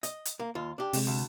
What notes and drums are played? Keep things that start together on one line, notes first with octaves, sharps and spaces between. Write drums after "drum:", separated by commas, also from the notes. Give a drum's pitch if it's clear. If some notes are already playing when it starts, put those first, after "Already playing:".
D#5, drum: hi-hat
drum: hi-hat
A#3
D#2 F4
D4 G4
C3 G#3, drum: open hi-hat
D2